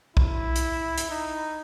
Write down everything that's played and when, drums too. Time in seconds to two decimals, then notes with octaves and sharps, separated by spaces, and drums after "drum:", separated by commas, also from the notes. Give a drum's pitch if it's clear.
0.17 E4, drum: kick B1
0.56 drum: hi-hat
0.98 drum: hi-hat
1.11 D#4